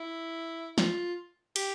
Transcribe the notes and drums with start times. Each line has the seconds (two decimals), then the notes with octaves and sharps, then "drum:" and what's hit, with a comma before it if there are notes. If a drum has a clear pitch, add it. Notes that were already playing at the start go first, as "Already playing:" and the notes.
Already playing: E4
0.78 F4, drum: snare
1.56 G4, drum: cymbal